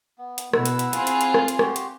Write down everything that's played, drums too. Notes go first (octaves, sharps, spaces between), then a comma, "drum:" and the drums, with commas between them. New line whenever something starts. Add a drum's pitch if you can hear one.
B3
drum: hi-hat
B2 E4 F#5 E6, drum: rim click
drum: hi-hat
drum: hi-hat
C4 F4 G#4, drum: hi-hat
drum: hi-hat
drum: hi-hat
drum: rim click
drum: hi-hat
F#4 G4 C6, drum: rim click
drum: hi-hat